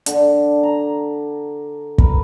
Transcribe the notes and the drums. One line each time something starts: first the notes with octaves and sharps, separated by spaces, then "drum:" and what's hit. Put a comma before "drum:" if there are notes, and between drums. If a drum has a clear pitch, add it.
D3 D4, drum: hi-hat
A#5
A#4 B4, drum: kick